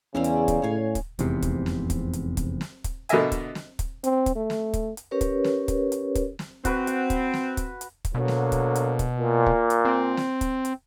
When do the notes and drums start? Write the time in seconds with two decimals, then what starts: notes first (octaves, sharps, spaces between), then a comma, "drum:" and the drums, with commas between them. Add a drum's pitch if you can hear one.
0.15 E2 C#3 G3 C4 C#4 E4
0.24 drum: hi-hat
0.48 drum: kick, hi-hat
0.63 A2 C#5 F5 G#5
0.95 drum: kick, hi-hat
1.19 F1 E2 G#2 C3, drum: hi-hat
1.42 drum: kick, hi-hat
1.66 drum: snare
1.90 drum: kick, hi-hat
2.13 drum: hi-hat
2.37 drum: kick, hi-hat
2.61 drum: snare
2.84 drum: kick, hi-hat
3.09 B2 D3 A#4 D#5 E5 G#5, drum: hi-hat
3.32 drum: kick, hi-hat
3.55 drum: snare
3.79 drum: kick, hi-hat
4.04 C4, drum: hi-hat
4.26 drum: kick, hi-hat
4.35 A3
4.50 drum: snare
4.74 drum: kick, hi-hat
4.97 drum: hi-hat
5.11 C#4 G4 A#4 B4 C#5
5.21 drum: kick, hi-hat
5.44 drum: snare
5.68 drum: kick, hi-hat
5.92 drum: hi-hat
6.15 drum: kick, hi-hat
6.39 drum: snare
6.65 C4 F#4 B4, drum: kick, hi-hat
6.87 F#5, drum: hi-hat
7.10 drum: kick, hi-hat
7.34 drum: snare
7.57 drum: kick, hi-hat
7.81 drum: hi-hat
8.05 drum: kick, hi-hat
8.14 B2 D3 F#3 A#3
8.28 drum: snare
8.52 drum: kick, hi-hat
8.75 drum: hi-hat
8.99 drum: kick, hi-hat
9.19 A#2
9.46 drum: kick
9.70 drum: hi-hat
9.85 C4
10.17 drum: snare
10.41 drum: kick, hi-hat
10.65 drum: hi-hat